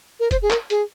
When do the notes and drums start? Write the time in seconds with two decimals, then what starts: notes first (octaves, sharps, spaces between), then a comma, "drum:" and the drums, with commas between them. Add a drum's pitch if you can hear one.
0.20 A#4
0.31 C5, drum: kick F1, hi-hat
0.42 G#4
0.51 A#4, drum: clap
0.70 G#4, drum: hi-hat